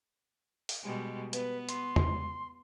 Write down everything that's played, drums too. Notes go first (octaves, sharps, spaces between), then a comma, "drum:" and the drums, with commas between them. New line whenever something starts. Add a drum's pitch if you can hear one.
drum: open hi-hat
B2 G3 G#3
B3 B4, drum: hi-hat
C6, drum: hi-hat
drum: tom E2